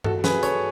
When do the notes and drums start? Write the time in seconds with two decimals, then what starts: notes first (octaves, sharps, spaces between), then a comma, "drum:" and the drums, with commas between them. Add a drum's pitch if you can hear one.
0.04 F#4 A4, drum: tom G2
0.24 G#4 B4, drum: snare
0.43 A4 C#5, drum: hi-hat